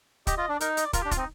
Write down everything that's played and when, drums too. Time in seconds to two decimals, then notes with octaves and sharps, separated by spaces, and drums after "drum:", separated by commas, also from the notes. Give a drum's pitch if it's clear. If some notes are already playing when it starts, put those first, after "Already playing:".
0.27 G4 D#5, drum: kick, hi-hat
0.37 F4 D#5
0.49 D4 D5
0.60 D#4 A#4, drum: hi-hat
0.77 D#5, drum: hi-hat
0.85 D5
0.93 F4 A#4, drum: kick, hi-hat
1.02 G4
1.05 D4
1.11 F4, drum: kick, hi-hat
1.17 C4 D#4